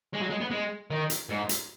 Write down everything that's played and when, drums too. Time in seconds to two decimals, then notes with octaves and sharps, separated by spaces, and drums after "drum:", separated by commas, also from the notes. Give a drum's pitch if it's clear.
0.14 G#3
0.21 F#3
0.30 G#3
0.41 B3
0.51 G#3
0.90 D#3
1.10 drum: hi-hat
1.29 G#2
1.49 drum: hi-hat